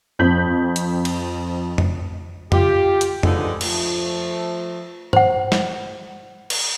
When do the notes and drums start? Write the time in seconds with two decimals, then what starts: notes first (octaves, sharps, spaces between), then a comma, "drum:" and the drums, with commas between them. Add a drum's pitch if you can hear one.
0.19 F2 C4 G6 B6 F#7
0.76 drum: hi-hat
1.05 drum: cymbal
1.78 drum: tom F2
2.52 F4 G4, drum: tom F2
3.01 drum: hi-hat
3.23 D3 F3 G#3 D#4 G#4 B4, drum: tom F2
3.61 F3 A3, drum: cymbal
5.13 C5 F#5, drum: tom G2
5.52 drum: snare
6.50 drum: cymbal